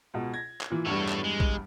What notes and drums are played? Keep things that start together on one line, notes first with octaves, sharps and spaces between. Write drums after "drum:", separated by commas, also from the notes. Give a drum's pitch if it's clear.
C#2 B2
G#6 A#6
drum: clap
A#2 E3
E2 G2 G3 A3 C#5
drum: clap
G#3
drum: kick A#1